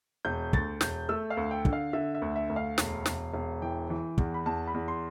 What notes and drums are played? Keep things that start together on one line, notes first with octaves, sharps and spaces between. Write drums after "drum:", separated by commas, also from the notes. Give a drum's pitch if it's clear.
E1 G6
D2 A6, drum: kick
E1 G6, drum: snare
A3 E6
F5
D2
G5
D3, drum: kick
F5
D3 E5
E5
D2
E5
D2
F5
E1, drum: snare
E1, drum: snare
E1
E3 G5
E3
E2, drum: kick
B5
E2 A5
B5
E2
C6